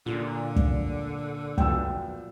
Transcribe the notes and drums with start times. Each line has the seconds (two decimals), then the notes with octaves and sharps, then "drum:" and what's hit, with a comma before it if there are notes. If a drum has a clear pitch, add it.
0.06 A#2 D3 F4
0.56 drum: kick
1.58 B1 F3 B3 G5 E6, drum: kick